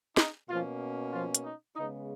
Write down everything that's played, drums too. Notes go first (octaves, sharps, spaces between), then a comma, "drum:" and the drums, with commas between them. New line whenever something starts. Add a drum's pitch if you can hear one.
D#4, drum: snare
B2 F3 A#3 C#4 F4
F3 F4
drum: hi-hat
D#4
C#3 G#3 B3 D#4